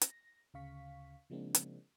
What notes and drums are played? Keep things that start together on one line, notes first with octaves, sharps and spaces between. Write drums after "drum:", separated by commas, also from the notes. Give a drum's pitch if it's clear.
A#6, drum: hi-hat
D2 C#3 F5 C#6 B6
C#3 F3 G#3 A#3 C4 D4
drum: hi-hat